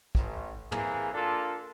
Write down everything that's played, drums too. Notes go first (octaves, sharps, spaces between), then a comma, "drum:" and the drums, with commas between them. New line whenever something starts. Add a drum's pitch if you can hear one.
A1, drum: kick
C3 E3 A#3 G#4, drum: tom
A#3 D4 F4 A4